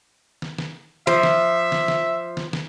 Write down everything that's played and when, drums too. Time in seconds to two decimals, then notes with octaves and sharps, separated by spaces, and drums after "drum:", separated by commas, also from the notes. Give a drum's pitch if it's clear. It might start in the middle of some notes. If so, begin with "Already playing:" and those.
0.42 drum: snare
0.58 drum: snare
1.07 F3 E5, drum: snare
1.23 drum: snare
1.72 drum: snare
1.88 drum: snare
2.37 drum: snare
2.53 drum: snare